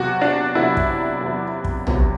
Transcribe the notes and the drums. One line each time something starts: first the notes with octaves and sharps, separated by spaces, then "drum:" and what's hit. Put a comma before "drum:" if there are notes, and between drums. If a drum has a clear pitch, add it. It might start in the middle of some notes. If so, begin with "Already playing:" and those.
Already playing: E2 C3 F#3 F#4
D4
E2 C3 F#3 E4
drum: kick
E2 C3 F#3
drum: kick
E2 C3 F#3, drum: tom A#1